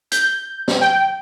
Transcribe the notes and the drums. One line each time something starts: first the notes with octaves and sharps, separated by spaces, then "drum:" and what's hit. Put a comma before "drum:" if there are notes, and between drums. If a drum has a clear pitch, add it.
G6, drum: hi-hat
drum: snare
G5